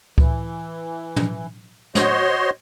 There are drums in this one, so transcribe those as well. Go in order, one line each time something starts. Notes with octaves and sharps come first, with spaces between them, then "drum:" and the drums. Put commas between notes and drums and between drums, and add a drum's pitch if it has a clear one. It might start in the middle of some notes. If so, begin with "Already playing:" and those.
E3, drum: kick C#2
drum: tom
F#4 C5 C#5 D#5 C6, drum: snare